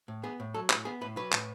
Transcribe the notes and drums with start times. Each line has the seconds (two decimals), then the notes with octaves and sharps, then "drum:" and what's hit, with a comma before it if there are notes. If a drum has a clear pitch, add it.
0.08 A2
0.23 B3 G#4
0.40 A2
0.54 F#3 A4
0.70 A2 B4, drum: clap
0.85 B3 G#4
1.01 A2 B4
1.17 F#3 B4
1.32 A2, drum: clap